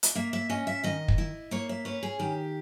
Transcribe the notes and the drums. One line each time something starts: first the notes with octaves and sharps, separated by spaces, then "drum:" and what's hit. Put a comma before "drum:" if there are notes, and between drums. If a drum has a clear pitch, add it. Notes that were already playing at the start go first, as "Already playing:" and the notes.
drum: hi-hat
A#3 E5
E5
C#4 D#5
E5
D#3 D#5
drum: kick
E4
A#3 C#5
E5
C#4 B4
G#4
D#3 G4